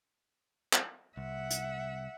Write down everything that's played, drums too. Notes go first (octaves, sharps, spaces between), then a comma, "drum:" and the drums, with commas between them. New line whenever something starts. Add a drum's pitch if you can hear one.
drum: clap
C2 E5 F#5
drum: hi-hat